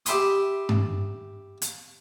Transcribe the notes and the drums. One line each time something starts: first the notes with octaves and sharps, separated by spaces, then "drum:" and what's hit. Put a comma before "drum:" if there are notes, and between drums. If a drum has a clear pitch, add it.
G4 E5 G5 B5 C6 D#6, drum: hi-hat
drum: tom G2
drum: hi-hat